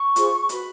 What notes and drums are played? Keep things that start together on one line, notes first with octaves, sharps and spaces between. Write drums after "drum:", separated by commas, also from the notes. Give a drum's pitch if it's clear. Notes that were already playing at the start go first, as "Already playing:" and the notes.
Already playing: C#6
F4 G#4 C5, drum: hi-hat
F#4 B4 B5, drum: hi-hat